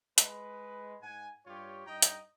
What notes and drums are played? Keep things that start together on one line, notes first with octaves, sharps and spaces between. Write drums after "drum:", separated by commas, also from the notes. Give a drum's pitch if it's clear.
G#3 B4, drum: hi-hat
G#2 F#5 G#5
G2 F4 G4 C#5
G2 D#4 D#5 G5 A#5
drum: hi-hat